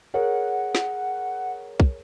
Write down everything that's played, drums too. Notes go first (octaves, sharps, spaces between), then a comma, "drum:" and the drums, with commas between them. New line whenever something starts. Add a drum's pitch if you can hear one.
G#4 A#4 C#5 F#5
drum: snare
drum: kick